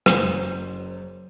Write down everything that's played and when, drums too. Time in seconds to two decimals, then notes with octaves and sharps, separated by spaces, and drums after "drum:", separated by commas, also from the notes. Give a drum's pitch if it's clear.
0.06 F#1 F#2 C5, drum: rim click